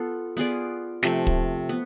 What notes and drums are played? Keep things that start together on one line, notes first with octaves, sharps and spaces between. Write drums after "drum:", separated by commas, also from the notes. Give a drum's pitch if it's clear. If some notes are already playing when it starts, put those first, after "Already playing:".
Already playing: B3 F4 A4
B3 F4 G#4 D5
C3 F3 A3, drum: snare
drum: kick
B3